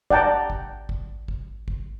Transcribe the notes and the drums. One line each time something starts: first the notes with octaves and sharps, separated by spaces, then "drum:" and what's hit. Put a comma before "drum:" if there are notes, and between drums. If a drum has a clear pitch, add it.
D5 F#5 G5 A5 A#5, drum: kick
drum: kick
drum: kick
drum: kick
drum: kick